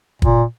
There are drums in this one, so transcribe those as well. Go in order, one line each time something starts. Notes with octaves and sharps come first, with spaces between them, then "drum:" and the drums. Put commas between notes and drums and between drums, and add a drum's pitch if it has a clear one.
A#2, drum: kick